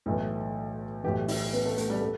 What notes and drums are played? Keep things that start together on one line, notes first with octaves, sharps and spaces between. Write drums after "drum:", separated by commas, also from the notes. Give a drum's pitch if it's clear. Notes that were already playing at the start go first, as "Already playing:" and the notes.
B1 A2 E3 E4
B1 A2 E3 G4
E4, drum: open hi-hat
B3
A3
A3, drum: hi-hat
G3
A3